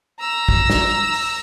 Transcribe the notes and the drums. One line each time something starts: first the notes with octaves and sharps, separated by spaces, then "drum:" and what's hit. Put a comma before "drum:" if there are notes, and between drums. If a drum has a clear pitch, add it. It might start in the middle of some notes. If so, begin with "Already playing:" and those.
A#5 E6
drum: kick
drum: snare
drum: open hi-hat